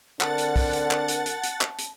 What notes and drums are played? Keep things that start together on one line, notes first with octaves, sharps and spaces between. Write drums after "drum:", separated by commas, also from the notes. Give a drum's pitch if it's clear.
D3 C4 D4 A#4 F#5 A5 A6, drum: clap
drum: hi-hat
drum: kick, open hi-hat
drum: hi-hat
drum: clap
drum: hi-hat
drum: hi-hat
drum: hi-hat
drum: clap
drum: hi-hat